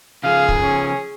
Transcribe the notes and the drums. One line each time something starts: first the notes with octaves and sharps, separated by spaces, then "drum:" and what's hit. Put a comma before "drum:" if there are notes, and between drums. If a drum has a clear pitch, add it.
C#3 F3 G#4 F5
drum: kick
C#4